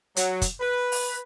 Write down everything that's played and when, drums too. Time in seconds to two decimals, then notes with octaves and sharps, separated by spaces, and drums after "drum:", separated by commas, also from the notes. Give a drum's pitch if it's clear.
0.16 F#3, drum: hi-hat
0.42 drum: kick, hi-hat
0.61 B4
0.92 drum: open hi-hat